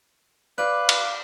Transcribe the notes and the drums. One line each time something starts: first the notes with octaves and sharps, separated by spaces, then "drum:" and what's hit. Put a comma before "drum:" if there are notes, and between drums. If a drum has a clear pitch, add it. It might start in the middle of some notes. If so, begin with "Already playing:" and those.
B4 D5 F5 F#6
drum: cymbal